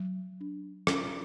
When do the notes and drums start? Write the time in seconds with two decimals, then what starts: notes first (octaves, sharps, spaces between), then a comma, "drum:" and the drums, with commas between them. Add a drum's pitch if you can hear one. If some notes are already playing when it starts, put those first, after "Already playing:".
Already playing: F#3
0.40 D4
0.87 C#4, drum: rim click